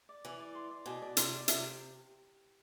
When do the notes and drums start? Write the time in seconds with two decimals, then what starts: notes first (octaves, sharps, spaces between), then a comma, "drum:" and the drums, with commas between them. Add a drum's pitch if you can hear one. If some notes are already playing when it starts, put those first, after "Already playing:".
0.09 D5
0.25 E3 G#5
0.40 D5
0.55 C6
0.71 D5
0.86 B2 G#5
1.02 D5
1.17 C3 C6, drum: hi-hat
1.32 D5
1.48 C3 E5, drum: hi-hat